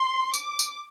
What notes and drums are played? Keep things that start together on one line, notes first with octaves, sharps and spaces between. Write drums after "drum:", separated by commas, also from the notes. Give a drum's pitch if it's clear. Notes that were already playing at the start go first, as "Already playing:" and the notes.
Already playing: C6
D6, drum: tambourine
drum: tambourine